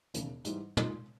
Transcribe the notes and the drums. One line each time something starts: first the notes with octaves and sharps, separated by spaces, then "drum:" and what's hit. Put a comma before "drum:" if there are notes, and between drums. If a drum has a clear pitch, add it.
E1 D#2 C#3, drum: hi-hat
G#2 E3 G3, drum: hi-hat
A#2 G#3 D#4, drum: tom